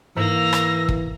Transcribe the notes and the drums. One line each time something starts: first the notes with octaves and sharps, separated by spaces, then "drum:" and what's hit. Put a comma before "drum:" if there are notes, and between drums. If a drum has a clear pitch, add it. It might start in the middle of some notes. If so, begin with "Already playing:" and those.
G#2 E3 A#3 E6 A#6
drum: rim click
drum: kick